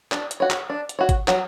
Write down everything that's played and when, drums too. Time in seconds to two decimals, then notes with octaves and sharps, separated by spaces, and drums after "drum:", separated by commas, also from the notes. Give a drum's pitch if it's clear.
0.12 D4, drum: clap
0.31 drum: hi-hat
0.40 F#4 C#5
0.50 drum: clap
0.70 D4
0.89 drum: hi-hat
0.99 F#4 C#5
1.09 drum: kick G#1, hi-hat
1.28 F#3, drum: clap